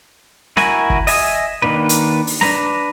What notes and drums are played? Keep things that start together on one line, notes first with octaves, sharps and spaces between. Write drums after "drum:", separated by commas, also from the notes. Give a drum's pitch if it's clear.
E4 F#4 A#4 G#5, drum: snare
drum: kick
D#5 E5 G#5 A5 D#6, drum: open hi-hat
D#3 G3 A#3 D4 B4
drum: hi-hat
drum: open hi-hat
D4 B4 A#5, drum: snare